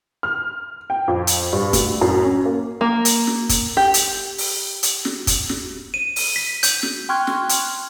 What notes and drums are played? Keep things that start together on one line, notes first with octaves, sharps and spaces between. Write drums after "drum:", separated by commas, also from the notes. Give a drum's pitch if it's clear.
F6
G5
F2
drum: hi-hat
G2
D2, drum: kick, hi-hat
F#2
C#4
A#3
A#3
drum: hi-hat
drum: snare
drum: kick, hi-hat
G4
drum: hi-hat
drum: open hi-hat
drum: hi-hat
drum: snare
drum: kick, hi-hat
drum: snare
D#7
drum: open hi-hat
B6
G6, drum: hi-hat
drum: snare
G5 C6 C#6 F6 F#6 G#6
drum: snare
drum: hi-hat